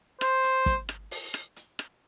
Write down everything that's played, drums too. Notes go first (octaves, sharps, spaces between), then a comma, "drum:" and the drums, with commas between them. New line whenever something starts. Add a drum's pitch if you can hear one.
C5, drum: rim click
drum: hi-hat
drum: kick, hi-hat
drum: rim click
drum: open hi-hat
drum: rim click
drum: hi-hat
drum: rim click